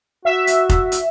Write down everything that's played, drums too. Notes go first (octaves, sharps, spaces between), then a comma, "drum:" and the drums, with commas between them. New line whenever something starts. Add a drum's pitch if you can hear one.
F#4 E5
drum: hi-hat
drum: kick F1
drum: hi-hat